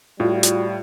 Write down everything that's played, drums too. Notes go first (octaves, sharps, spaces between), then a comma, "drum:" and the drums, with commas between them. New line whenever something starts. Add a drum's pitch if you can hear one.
A2 G3 F4 F#4
drum: hi-hat